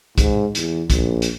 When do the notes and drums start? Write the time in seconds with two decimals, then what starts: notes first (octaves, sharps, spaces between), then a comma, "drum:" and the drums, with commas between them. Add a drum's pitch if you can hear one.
0.18 G#2, drum: kick, hi-hat
0.55 E2, drum: hi-hat
0.90 A#1, drum: kick, hi-hat
1.22 drum: hi-hat